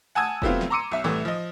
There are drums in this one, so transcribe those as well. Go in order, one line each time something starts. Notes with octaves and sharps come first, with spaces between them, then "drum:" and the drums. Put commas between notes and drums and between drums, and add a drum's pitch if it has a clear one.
F#5 G#5 A5 D#6 E6 G#6
C3 F#3 A3 B3 C4 F4, drum: kick F1
drum: snare
A#5 C6 D6 E6 C#7 D#7
B1 E5
C2 A2 E3 A3
F3 D#5